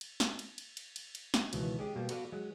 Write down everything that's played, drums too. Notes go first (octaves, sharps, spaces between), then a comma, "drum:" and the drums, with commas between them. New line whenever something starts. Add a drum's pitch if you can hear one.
drum: cymbal
drum: snare
drum: cymbal
drum: cymbal
drum: cymbal
drum: cymbal
drum: cymbal
drum: snare
C#2 B2 D#3 E3, drum: cymbal
G#3 C#4 G4 G#4 D#5
B2 G3 A#3
B3 F#4 A4 B4 D5 F5, drum: cymbal
F#3 G#3